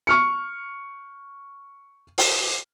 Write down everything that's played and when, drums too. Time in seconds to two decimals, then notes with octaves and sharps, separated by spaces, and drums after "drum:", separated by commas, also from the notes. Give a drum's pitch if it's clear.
0.07 C#6 F6 C#7
2.18 drum: open hi-hat